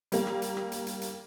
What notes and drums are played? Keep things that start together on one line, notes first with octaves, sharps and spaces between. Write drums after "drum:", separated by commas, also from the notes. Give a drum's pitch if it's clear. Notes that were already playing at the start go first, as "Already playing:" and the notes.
G3 A#3, drum: hi-hat
drum: rim click
drum: hi-hat
drum: rim click
drum: hi-hat
drum: hi-hat
drum: hi-hat